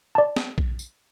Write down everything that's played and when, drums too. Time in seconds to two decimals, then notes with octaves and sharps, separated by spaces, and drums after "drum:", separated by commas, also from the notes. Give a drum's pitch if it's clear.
0.15 D5 A5
0.36 drum: snare
0.58 drum: kick A#1
0.79 drum: tambourine